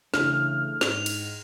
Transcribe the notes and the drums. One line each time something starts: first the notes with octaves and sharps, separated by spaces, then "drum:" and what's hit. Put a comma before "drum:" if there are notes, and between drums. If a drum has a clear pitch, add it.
C#3 E3 A3 D4 E4 F6, drum: snare
G#2 F7, drum: snare
drum: cymbal